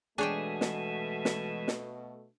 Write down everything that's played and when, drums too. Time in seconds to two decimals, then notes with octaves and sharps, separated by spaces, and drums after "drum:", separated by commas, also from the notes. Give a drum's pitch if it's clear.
0.18 B2 E3 G#3 A3 D4 G#4 C#5 G5
0.61 drum: snare
1.25 drum: snare
1.68 drum: snare